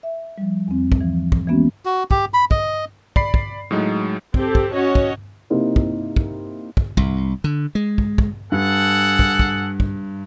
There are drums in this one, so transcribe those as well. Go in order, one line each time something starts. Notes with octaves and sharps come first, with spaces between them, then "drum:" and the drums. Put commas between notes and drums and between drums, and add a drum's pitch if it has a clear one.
E5
F3 G3
E2 C4
drum: kick
E3 F3
drum: kick
E3 G#3 A#3 B3 C#4 F#4
F#4
G4, drum: kick
B5
D#5, drum: kick
D5 B5 C7, drum: kick
drum: kick
A2 F#3 G#3 D#4
C4 G4 A4, drum: kick
drum: kick
C#4 F#4 C#5 D#5
drum: kick
C3 A#3 C4 D#4 E4
drum: kick
drum: kick
drum: kick
C2, drum: kick
D3
G#3
drum: kick
drum: kick
G2 G#4 A4 F#5
drum: kick
drum: kick
drum: kick